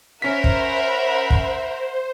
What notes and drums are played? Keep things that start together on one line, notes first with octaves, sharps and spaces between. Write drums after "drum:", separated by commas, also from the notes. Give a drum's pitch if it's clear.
C#4 A#4 C5 E5 F#5 B5 B6
drum: kick
drum: kick